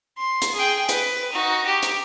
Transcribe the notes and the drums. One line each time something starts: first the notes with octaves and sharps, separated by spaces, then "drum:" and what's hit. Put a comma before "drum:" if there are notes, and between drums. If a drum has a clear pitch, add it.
C6
drum: hi-hat
G#4 G5
B4, drum: hi-hat
D#4 F#4
G4
drum: hi-hat